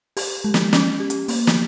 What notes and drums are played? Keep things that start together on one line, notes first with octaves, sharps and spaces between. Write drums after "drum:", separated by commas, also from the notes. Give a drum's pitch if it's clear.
G4, drum: open hi-hat
G#3
drum: snare
C#4, drum: snare
G4
drum: hi-hat
A#3, drum: open hi-hat
drum: snare